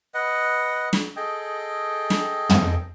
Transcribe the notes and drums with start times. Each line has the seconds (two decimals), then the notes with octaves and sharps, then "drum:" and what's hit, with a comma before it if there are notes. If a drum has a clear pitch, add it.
0.14 B4 D#5 F#5
0.93 drum: snare
1.16 G#4 A4 D#5 G5
2.10 drum: snare
2.49 drum: tom